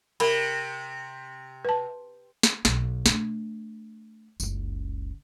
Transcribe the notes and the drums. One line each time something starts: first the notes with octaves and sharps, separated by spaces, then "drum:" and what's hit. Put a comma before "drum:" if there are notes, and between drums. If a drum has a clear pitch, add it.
C3 A#4 B5, drum: cymbal
B4 A5
drum: snare
B1, drum: snare
A3 D4, drum: snare
F#1 C#2, drum: tambourine